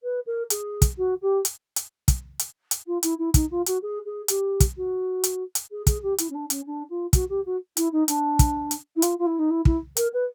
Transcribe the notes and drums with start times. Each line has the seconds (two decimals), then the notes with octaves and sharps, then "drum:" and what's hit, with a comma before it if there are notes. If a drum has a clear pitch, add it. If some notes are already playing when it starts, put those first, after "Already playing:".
0.03 B4
0.26 A#4
0.50 G#4, drum: hi-hat
0.82 drum: kick, hi-hat
0.97 F#4
1.21 G4
1.45 drum: hi-hat
1.76 drum: hi-hat
2.08 drum: kick, hi-hat
2.39 drum: hi-hat
2.71 drum: hi-hat
2.87 F4
3.03 E4, drum: hi-hat
3.18 E4
3.34 D#4, drum: kick, hi-hat
3.50 F4
3.66 F#4, drum: hi-hat
3.82 G#4
4.05 G#4
4.28 G4, drum: hi-hat
4.60 drum: kick, hi-hat
4.76 F#4
5.24 drum: hi-hat
5.55 drum: hi-hat
5.71 G#4
5.87 G#4, drum: kick, hi-hat
6.02 G4
6.18 E4, drum: hi-hat
6.30 C#4
6.34 D4
6.50 C#4, drum: hi-hat
6.66 D4
6.89 F4
7.13 F#4, drum: kick, hi-hat
7.29 G4
7.45 F#4
7.77 E4, drum: hi-hat
7.92 D#4
8.08 D4, drum: hi-hat
8.39 drum: kick, hi-hat
8.71 drum: hi-hat
8.96 E4
9.02 F4, drum: hi-hat
9.18 F4
9.26 E4
9.38 D#4
9.50 E4
9.65 E4, drum: kick
9.97 A#4, drum: hi-hat
10.13 B4